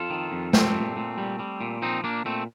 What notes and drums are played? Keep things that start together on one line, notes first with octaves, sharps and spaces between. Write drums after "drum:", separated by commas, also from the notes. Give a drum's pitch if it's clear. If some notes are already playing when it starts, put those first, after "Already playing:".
Already playing: F2 F4 A4
D#3
F2
G3 A3 C4, drum: snare
A#2
A#2
G3
G3
A#2
F3 C4 D#4
A#2 A#3 D4
A#2 A3 C4